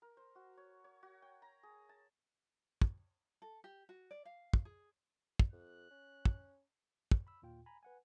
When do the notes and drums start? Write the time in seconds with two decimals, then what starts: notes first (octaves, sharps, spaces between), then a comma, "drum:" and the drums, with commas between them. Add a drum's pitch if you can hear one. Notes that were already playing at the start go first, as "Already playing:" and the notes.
0.02 A#4
0.17 C5
0.35 F#4
0.57 C#5
0.84 C#5
1.03 F#4
1.22 G5
1.42 A#5
1.63 G#4
1.89 A5
2.81 drum: kick
3.42 A4
3.64 G4
3.89 F#4
4.11 D5
4.25 F5
4.53 drum: kick
4.65 G#4
5.39 drum: kick
5.52 F2 F#6
5.90 C#4
6.25 drum: kick
7.11 drum: kick
7.27 B5 E6
7.42 D#2 A#2 F4 G5
7.66 G#5 A#5 B5
7.83 B4 F#5 G#5